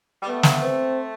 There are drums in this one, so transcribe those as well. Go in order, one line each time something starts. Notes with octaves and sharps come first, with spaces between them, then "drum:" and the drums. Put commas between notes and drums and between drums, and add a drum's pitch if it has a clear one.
G3
A3 B3
drum: snare
C4